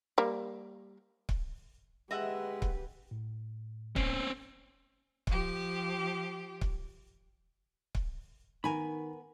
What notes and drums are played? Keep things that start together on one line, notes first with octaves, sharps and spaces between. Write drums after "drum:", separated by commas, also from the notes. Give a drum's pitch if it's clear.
G3 A#3
drum: kick C#1
G#3 G4 B4 D#5 E5 F#5
drum: kick C#1
A2
C4 C#4, drum: kick C#1
F3 G4, drum: kick C#1
drum: kick C#1
drum: kick C#1
D#3 B3 A#4 G#5 B5